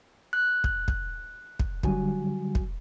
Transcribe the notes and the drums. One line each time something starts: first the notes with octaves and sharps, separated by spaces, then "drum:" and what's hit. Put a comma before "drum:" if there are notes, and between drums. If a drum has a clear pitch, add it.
F#6
drum: kick
drum: kick
drum: kick
D3 F#3 G3 F#4 G#5, drum: kick
drum: kick